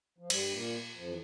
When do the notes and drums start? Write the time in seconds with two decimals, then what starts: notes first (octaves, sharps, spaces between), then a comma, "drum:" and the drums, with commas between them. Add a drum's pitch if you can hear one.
0.18 F3
0.30 G2 G3, drum: cymbal
0.53 A#2 A#3
0.96 F2 F3
1.08 E3